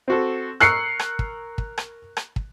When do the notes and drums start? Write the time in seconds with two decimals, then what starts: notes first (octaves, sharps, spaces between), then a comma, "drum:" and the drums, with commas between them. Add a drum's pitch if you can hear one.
0.08 C4 F#4 A4
0.60 A#4 C#6 E6 F#6 C7 C#7, drum: rim click
0.99 drum: rim click
1.19 drum: kick
1.58 drum: kick
1.78 drum: rim click
2.17 drum: rim click
2.36 drum: kick